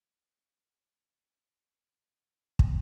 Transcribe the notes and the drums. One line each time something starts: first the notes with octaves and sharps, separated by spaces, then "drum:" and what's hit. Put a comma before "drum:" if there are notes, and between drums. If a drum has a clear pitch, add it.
C#4 C#6 G6
drum: kick